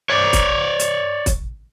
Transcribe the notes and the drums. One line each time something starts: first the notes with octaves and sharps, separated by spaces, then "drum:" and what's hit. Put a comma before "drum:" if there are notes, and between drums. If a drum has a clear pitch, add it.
C#5 D5
drum: kick, hi-hat
drum: hi-hat
drum: kick, hi-hat